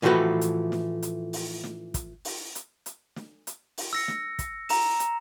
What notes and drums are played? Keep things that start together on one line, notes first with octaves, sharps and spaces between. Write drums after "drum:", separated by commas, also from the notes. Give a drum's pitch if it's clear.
A2 E3 F3 A3 F#4 B4
drum: hi-hat
drum: snare
drum: hi-hat
drum: open hi-hat
drum: snare
drum: kick, hi-hat
drum: open hi-hat
drum: hi-hat
drum: hi-hat
drum: snare
drum: hi-hat
drum: open hi-hat
E6 A#6 C#7
drum: snare
drum: kick, hi-hat
A#5 E7, drum: open hi-hat
drum: hi-hat